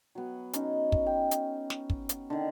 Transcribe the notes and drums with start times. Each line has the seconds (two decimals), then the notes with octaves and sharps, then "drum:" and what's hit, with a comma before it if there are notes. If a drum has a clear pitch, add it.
0.15 F#3 B3
0.53 C#4 D#4, drum: hi-hat
0.92 drum: kick
1.06 G5
1.31 drum: hi-hat
1.70 drum: snare
1.90 drum: kick
2.09 drum: hi-hat
2.30 D3 D#3